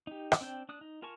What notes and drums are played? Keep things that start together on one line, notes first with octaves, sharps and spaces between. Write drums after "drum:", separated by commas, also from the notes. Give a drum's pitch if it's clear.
D#4 G4
drum: rim click
C4 D4 G5
D4 D#6 F#6
D#4
F4 A#4 G#5 A5 C#6